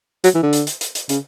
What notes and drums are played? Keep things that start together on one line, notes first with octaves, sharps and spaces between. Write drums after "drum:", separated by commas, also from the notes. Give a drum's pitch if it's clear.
F#3, drum: hi-hat
E3
D3
drum: hi-hat
drum: hi-hat
drum: hi-hat
drum: hi-hat
C#3, drum: hi-hat